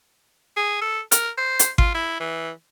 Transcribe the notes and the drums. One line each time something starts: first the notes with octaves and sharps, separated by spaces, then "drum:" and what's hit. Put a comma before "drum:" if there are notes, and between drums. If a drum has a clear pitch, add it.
G#4
A4
A#4, drum: hi-hat
C5
drum: hi-hat
F4, drum: kick G#1
E4
E3